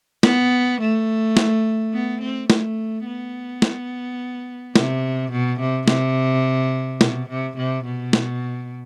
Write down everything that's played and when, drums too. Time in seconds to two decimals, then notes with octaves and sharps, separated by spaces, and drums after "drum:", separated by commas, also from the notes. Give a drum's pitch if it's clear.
0.23 B3, drum: snare
0.81 A3
1.37 drum: snare
1.93 B3
2.21 C4
2.50 A3, drum: snare
3.06 B3
3.62 drum: snare
4.76 C3, drum: snare
5.32 B2
5.60 C3
5.88 C3, drum: snare
7.01 B2, drum: snare
7.29 C3
7.57 C3
7.85 B2
8.13 drum: snare